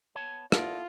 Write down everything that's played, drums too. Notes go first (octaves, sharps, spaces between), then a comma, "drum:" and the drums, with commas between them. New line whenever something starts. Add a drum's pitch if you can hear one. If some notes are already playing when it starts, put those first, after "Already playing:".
B3 C#5 A5
B3 E4 F4 A4 A#4 D5, drum: rim click